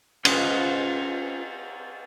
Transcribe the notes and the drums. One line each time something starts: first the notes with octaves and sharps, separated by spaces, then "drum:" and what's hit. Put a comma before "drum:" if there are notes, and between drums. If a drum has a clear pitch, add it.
C#4 F4 B4 C5 D#5, drum: cymbal